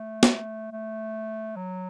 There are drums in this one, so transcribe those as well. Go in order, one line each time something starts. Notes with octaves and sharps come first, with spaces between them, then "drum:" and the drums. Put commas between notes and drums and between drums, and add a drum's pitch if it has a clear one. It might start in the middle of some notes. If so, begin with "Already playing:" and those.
Already playing: A3
drum: snare
A3
F#3